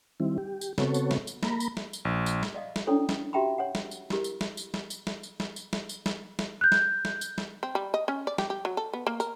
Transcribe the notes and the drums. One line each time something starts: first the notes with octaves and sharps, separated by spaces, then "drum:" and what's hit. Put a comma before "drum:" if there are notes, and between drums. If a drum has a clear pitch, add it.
D#3 G3 C4 E4
G4
drum: tambourine
C#3 B3 C4 F#4 A4 C#5, drum: snare
drum: tambourine
drum: snare
drum: tambourine
A#3 A#5 B5, drum: snare
drum: tambourine
drum: snare
drum: tambourine
A#1
drum: tambourine
drum: snare
D5 D#5 F5
drum: snare
C#4 D4 E4 A4 C#5 D5
drum: snare
F#4 G4 E5 G5 A#5 B5
C#5 F#5
drum: snare
drum: tambourine
E4 G4 A#4, drum: snare
drum: tambourine
drum: snare
drum: tambourine
drum: snare
drum: tambourine
drum: snare
drum: tambourine
drum: snare
drum: tambourine
drum: snare
drum: tambourine
drum: snare
drum: snare
F#6 G6
drum: snare
drum: snare
drum: tambourine
drum: snare
C4
G3
D#5
C#4
D5
G4, drum: snare
G4
F#3
A4
B3
A#3
A#4, drum: tambourine